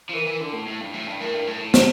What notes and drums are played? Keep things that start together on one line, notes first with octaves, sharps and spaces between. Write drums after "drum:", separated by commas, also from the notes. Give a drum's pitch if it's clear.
F3
E3 A#4
E3
D3
A2
A2
G2
A2
G2
A2 A#4
G2
A2
A2
A2 C5, drum: snare